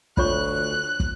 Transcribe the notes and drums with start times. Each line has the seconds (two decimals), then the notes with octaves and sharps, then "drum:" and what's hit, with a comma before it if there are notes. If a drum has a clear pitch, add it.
0.17 D2 F4 C#5 C#6 F#6, drum: kick
1.00 drum: kick